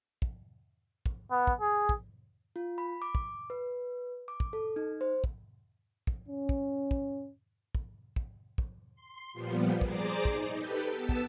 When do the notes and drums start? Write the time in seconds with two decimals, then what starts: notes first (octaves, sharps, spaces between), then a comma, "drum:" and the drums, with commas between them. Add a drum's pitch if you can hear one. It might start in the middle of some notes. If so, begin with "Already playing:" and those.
0.22 drum: kick
1.06 drum: kick
1.31 B3
1.47 drum: kick
1.61 G#4
1.89 drum: kick
2.56 F4
2.78 B5
3.02 D6
3.15 drum: kick
3.50 B4
4.28 D6
4.40 drum: kick
4.53 A4
4.76 D#4
5.01 C5
5.24 drum: kick
6.07 drum: kick
6.28 C#4
6.49 drum: kick
6.91 drum: kick
7.75 drum: kick
8.16 drum: kick
8.58 drum: kick
8.95 C6
9.33 A#2 F3 G3 B3
9.81 G#4 C5 D5 A#5 D6, drum: kick
10.25 D#4, drum: kick
10.55 G4 A4 B4 G5
10.88 B3 A5 E6
11.09 drum: kick